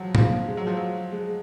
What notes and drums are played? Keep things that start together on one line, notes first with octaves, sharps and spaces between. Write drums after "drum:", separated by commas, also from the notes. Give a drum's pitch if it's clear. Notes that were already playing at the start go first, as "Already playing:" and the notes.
Already playing: F3 F#3
F3, drum: tom A2
G#3
F#3
F3
F#3
G#3